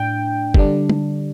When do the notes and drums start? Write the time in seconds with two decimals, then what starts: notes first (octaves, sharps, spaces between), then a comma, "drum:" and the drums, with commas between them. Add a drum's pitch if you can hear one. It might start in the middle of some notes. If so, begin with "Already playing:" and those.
Already playing: A2 D4 G5
0.54 D3 G3 D4, drum: kick F#1
0.90 drum: tom